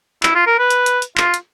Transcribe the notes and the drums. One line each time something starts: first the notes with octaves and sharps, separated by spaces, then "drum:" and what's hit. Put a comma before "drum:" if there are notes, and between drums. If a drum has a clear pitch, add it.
E4, drum: clap
F4
A#4
B4
drum: hi-hat
drum: hi-hat
drum: hi-hat
F4, drum: clap
drum: hi-hat